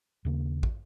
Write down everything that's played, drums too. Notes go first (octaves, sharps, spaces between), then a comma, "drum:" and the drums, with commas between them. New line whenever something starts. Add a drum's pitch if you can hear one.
D#2 C#3 A#3
drum: kick